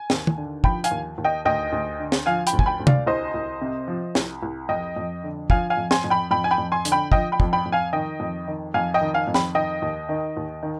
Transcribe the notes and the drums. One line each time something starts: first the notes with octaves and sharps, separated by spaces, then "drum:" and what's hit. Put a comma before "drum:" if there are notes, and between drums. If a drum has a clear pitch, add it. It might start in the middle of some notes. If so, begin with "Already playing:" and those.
Already playing: G#5
D#2, drum: snare
drum: tom
D3
F3 G5 B5, drum: kick
F5 G#5, drum: hi-hat
D#2
D#2
D#5 G5
D2 D#5 G5
D2
D3
drum: snare
F3 F5 G#5
G5 B5, drum: hi-hat
D2
G#5, drum: kick
G5 B5
D2
D5 F5, drum: tom
C2 C5 D#5
C2
C3
F3
C2, drum: snare
C2
F2 D#5 G5
F2
D3
F3 F5 G#5, drum: kick
F5 G#5
F2
G#5 C6, drum: snare
F2
G5 B5
F2 G5 B5
G#5
G5 B5
F2
G#5 C6
D3, drum: hi-hat
G5 B5
F3 D#5 G5, drum: kick
G5 B5
F2, drum: kick
G5 B5
F2
F5 G#5
D#3 D#5 G5
F2
D#3
F2 F5 G#5
D#5 G5
D#3
F5 G#5
F2
G5 B5, drum: snare
D#3 D#5 G5
D#2
D#3
D#2
D#3